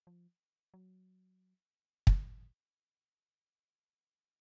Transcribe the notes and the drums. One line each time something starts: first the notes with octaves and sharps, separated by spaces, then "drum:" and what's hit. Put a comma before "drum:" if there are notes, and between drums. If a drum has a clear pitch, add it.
F3
F#3
drum: kick